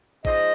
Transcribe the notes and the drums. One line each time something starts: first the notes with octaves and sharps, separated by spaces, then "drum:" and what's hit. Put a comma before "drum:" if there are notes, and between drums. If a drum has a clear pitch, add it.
G#2 F3 C5 D#5, drum: kick A1